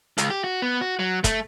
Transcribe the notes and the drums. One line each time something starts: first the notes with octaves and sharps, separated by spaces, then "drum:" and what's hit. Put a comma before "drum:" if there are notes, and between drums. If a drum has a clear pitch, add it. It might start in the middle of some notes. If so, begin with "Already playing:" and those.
C#2, drum: hi-hat
G4
F#4
B3
F#4
F#3
A3, drum: kick, hi-hat